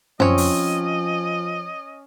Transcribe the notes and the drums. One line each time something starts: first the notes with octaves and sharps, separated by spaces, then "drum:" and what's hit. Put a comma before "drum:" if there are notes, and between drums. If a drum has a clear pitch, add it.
F3 C4 C#4 C#5 D#5, drum: tom
drum: open hi-hat